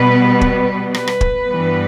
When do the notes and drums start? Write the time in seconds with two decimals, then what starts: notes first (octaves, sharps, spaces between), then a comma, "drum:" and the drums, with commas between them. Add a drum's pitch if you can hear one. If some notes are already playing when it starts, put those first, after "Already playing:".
Already playing: B2 G3 B3 B4
0.41 drum: kick
0.94 B4, drum: rim click
1.07 drum: rim click
1.21 drum: kick
1.47 G2 E3 G3 B3